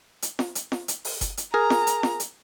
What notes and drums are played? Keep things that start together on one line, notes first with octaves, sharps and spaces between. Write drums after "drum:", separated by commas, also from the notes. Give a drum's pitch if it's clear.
drum: hi-hat
drum: snare
drum: hi-hat
drum: snare
drum: hi-hat
drum: open hi-hat
drum: kick F#1, hi-hat
drum: hi-hat
G#4 A#4 A#5
drum: snare
drum: hi-hat
drum: snare
drum: hi-hat